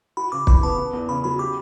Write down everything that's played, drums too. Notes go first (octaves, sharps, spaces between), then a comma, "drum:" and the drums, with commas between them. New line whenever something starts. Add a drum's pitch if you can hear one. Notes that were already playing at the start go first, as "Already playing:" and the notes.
F#4 B5
C#3 D6
E3 B5, drum: kick
B3 A5
B3
E2
C#3 B5
F#3 B5
G4 D6